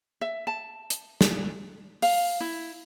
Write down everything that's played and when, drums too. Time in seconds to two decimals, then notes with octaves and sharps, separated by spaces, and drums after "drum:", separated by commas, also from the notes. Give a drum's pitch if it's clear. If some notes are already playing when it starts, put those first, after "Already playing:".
0.21 E5
0.47 A5
0.90 drum: hi-hat
1.21 drum: snare
2.02 F5, drum: open hi-hat
2.40 E4